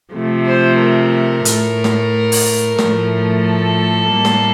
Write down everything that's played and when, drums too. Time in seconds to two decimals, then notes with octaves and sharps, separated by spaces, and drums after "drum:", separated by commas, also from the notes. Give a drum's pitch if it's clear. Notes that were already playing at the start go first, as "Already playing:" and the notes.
0.13 C3 F3 A3
0.46 C5
0.80 A#4
1.45 A2 A3, drum: hi-hat
1.84 drum: snare
2.32 drum: open hi-hat
2.79 A2 F3 A3, drum: snare
3.45 A4
4.11 A2 G3 A#3
4.25 drum: snare